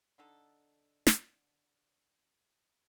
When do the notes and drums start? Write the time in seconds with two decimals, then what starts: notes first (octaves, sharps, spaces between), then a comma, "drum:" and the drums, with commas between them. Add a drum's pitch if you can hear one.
0.18 D3 D#4 A4
1.07 drum: snare